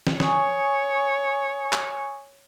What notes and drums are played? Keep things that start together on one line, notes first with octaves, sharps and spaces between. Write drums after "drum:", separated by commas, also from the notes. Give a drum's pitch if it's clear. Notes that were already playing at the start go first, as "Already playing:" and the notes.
drum: snare
C#5 G#5 C#6 D#6, drum: snare
drum: clap